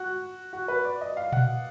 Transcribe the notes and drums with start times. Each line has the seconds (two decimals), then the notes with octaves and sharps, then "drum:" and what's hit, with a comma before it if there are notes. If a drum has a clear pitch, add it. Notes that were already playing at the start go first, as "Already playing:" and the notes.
Already playing: F#4
0.53 F#4
0.68 B4
0.85 D5
1.01 D#5
1.17 F5
1.32 F#5, drum: tom A#2